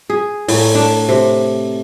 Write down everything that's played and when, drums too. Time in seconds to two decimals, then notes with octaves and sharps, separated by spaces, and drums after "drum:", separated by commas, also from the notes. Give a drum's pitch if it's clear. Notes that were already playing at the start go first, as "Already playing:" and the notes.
0.10 G#4
0.48 A2, drum: open hi-hat
0.75 D4
1.09 C3